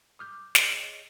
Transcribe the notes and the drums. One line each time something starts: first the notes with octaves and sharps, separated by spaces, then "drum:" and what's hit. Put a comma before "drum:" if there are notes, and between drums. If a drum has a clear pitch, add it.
D6 D#6 F6 G6
G#4 C#5 D#5, drum: snare